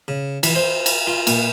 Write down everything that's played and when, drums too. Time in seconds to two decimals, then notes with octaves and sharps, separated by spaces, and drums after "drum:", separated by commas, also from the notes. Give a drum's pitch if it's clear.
0.08 C#3
0.43 E3, drum: cymbal
0.56 C5
0.86 drum: cymbal
1.07 F4
1.27 A#2, drum: cymbal